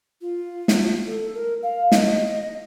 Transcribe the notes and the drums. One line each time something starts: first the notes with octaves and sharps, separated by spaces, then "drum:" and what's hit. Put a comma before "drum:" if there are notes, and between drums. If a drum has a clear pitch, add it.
F4
drum: snare
A4
A#4
F5
D#5, drum: snare